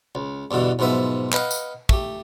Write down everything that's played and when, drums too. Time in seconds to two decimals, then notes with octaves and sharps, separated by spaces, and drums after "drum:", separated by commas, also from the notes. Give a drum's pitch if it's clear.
0.15 C#2
0.51 E2 G2 B2 D3 E3
0.79 B1 G#2 F3 B3 E5
1.33 B4 D#5 F5 F#5, drum: clap
1.51 drum: tambourine
1.89 A3 G4, drum: kick